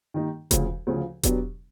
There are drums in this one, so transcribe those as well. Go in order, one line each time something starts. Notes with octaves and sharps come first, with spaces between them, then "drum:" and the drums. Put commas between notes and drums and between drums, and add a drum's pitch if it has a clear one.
D#3 G3 A#3 D#4
D2 C#3 F3, drum: kick E1, hi-hat
D2 C#3 F3
B2 F#3 B3 D4 G4, drum: kick E1, hi-hat